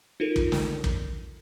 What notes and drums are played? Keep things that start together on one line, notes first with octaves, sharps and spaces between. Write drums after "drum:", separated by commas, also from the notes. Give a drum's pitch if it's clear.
D#4 F4 A4 A#4
drum: kick
drum: snare
drum: kick